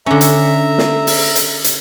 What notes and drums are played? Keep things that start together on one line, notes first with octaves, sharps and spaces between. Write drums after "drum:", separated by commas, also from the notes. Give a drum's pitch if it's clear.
D3 C#4 E5 A#5
drum: hi-hat
drum: snare
drum: open hi-hat
drum: hi-hat
drum: hi-hat